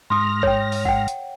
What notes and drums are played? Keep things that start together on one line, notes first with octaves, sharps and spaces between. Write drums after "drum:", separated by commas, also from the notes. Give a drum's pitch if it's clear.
G#2 C6 D#6 F6 A#6
C#5 G5, drum: kick
drum: open hi-hat
F#5 G5, drum: kick
drum: hi-hat